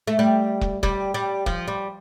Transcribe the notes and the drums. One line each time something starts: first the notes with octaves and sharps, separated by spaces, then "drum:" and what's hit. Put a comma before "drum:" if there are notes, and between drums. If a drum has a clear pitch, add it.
A3
G3
drum: kick
G3, drum: kick
G3
F3, drum: kick
G3